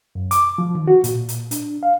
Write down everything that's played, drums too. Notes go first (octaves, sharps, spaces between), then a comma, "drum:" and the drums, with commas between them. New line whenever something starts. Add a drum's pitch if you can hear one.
F#2
D6, drum: hi-hat
F3
D#3
F#4
A#2, drum: hi-hat
drum: hi-hat
D4, drum: hi-hat
F5